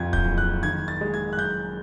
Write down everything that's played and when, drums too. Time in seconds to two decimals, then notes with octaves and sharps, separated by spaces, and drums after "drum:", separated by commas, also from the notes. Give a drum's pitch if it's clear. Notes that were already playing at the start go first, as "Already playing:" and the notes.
Already playing: F2 C3 F3 G#6
0.13 G6, drum: kick D1
0.25 F#1
0.38 F#6
0.63 D#3 G#6
0.88 A6
1.01 G#3
1.14 G#6
1.33 F#6
1.37 F#2 G6